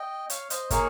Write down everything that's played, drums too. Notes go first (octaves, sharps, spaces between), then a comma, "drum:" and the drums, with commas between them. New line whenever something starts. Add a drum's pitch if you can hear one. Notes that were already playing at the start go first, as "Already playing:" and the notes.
Already playing: D#5 G5
C#5 F5, drum: hi-hat
C5 D#5, drum: hi-hat
A#3 D#4 G#4 A#4 C#5, drum: kick, hi-hat